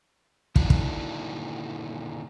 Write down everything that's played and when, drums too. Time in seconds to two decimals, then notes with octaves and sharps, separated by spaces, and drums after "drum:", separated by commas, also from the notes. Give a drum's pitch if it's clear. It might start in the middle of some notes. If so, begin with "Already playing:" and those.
0.56 A#2 D3 D#3 D4 E4 F#4, drum: kick
0.70 drum: kick